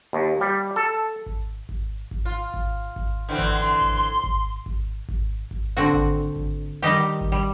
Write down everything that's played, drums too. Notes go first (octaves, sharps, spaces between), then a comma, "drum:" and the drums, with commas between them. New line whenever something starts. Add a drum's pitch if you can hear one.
D#2
G3
drum: hi-hat
A4
drum: hi-hat
drum: kick G#1
drum: hi-hat
drum: kick G#1, open hi-hat
drum: hi-hat
drum: kick G#1
F4, drum: hi-hat
drum: kick G#1, open hi-hat
drum: hi-hat
drum: kick G#1
drum: hi-hat
D3 E3 C4
drum: kick G#1, open hi-hat
C6
drum: hi-hat
drum: kick G#1
drum: hi-hat
drum: kick G#1, open hi-hat
drum: hi-hat
drum: kick G#1
drum: hi-hat
drum: kick G#1, open hi-hat
drum: hi-hat
drum: kick G#1
drum: hi-hat
D3 C4 F#4
drum: kick G#1, open hi-hat
drum: hi-hat
drum: kick G#1
drum: hi-hat
D#3 G3 D#4 G4
drum: hi-hat
drum: kick G#1
G3